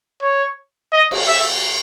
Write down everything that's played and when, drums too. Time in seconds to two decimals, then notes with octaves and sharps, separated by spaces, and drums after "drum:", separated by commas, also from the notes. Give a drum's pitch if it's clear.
0.22 C#5
0.93 D#5
1.11 drum: cymbal
1.28 E5